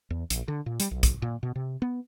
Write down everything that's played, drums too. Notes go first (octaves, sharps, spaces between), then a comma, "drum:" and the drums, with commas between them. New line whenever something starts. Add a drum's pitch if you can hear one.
E2
A#1, drum: hi-hat
D3
A#2
G3, drum: hi-hat
B1
drum: kick, hi-hat
A#2
B2
C3
B3